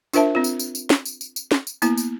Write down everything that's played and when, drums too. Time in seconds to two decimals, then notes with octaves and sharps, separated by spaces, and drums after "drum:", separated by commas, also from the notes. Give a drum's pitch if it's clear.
0.13 D4 F4 A#4 C5 E5 A5, drum: tambourine
0.35 C4 F4
0.44 drum: tambourine
0.59 drum: tambourine
0.75 drum: tambourine
0.90 drum: snare
1.06 drum: tambourine
1.21 drum: tambourine
1.36 drum: tambourine
1.52 drum: snare
1.67 drum: tambourine
1.82 A#3 B3 E4, drum: tambourine
1.98 drum: tambourine